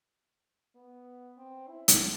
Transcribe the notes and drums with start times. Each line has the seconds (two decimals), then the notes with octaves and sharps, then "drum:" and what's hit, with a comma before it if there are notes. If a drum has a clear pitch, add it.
0.75 B3
1.37 C4
1.68 E4
1.88 drum: hi-hat